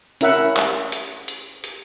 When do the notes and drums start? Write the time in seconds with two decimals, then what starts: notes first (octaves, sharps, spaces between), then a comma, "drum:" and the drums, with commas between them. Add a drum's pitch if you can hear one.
0.21 C#4 E4 A#4 E5 F#5, drum: hi-hat
0.57 drum: clap
0.92 drum: hi-hat
1.28 drum: hi-hat
1.64 drum: hi-hat